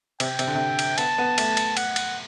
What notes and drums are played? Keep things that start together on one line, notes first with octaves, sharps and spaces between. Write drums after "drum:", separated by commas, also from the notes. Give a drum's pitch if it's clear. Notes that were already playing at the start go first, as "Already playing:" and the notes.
C3 G5, drum: cymbal
C3, drum: cymbal
D3
C3
drum: cymbal
B3 A5, drum: cymbal
B3
A3, drum: cymbal
drum: cymbal
F#5, drum: cymbal
drum: cymbal